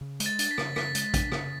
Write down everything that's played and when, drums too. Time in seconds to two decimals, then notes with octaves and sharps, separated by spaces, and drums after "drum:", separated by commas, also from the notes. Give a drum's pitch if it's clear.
0.01 C#3
0.20 G#3, drum: hi-hat
0.26 A6
0.39 D4 A6, drum: hi-hat
0.51 B6
0.58 C#3, drum: rim click
0.76 C#3 B6, drum: rim click
0.95 G#3, drum: hi-hat
1.14 D4, drum: kick A1, hi-hat
1.32 C#3, drum: rim click